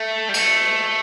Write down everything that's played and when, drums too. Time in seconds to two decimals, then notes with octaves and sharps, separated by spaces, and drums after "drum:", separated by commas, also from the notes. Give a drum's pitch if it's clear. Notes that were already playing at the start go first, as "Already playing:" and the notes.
Already playing: A3
0.29 G3
0.34 A3, drum: cymbal